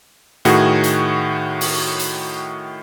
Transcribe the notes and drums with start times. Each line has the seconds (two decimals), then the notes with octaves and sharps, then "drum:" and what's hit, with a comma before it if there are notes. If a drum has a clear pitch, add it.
0.45 A2 D#3 F#4 G#4, drum: hi-hat
0.84 drum: hi-hat
1.61 drum: open hi-hat
1.99 drum: hi-hat